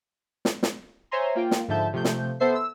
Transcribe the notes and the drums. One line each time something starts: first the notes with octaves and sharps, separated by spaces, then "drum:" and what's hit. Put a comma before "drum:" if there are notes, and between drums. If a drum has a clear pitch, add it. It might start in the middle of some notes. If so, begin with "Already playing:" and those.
drum: snare
drum: snare
C5 C#5 E5 G#5 A#5 C6
A#3 F4 G5
drum: snare
G#2 D3 F3 E5 A5 G6
C3 F3 A3 G6
drum: snare
B3 A4 C5 E5 C7
E6